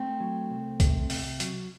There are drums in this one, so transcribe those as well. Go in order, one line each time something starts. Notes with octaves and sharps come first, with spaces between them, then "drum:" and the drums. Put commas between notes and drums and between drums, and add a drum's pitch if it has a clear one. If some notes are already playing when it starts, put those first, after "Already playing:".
Already playing: A3 C4
F#3
C2
C3, drum: kick, hi-hat
C3, drum: open hi-hat
F#3, drum: hi-hat